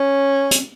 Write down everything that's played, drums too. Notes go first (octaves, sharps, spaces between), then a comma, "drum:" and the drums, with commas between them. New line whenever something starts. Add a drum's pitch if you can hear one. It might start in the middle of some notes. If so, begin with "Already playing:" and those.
Already playing: C#4
drum: hi-hat